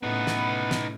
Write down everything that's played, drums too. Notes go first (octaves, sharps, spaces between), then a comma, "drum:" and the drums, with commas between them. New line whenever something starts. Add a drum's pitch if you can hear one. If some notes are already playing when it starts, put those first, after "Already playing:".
A2 C#3 B3 D#4 B4
drum: snare
drum: snare